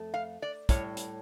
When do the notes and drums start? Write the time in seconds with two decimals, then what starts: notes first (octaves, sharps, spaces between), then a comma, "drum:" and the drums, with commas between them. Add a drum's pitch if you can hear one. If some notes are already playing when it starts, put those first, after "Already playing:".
Already playing: F2 A3
0.14 F5
0.42 D5
0.69 A2 G3 C#5, drum: kick, hi-hat
0.97 drum: hi-hat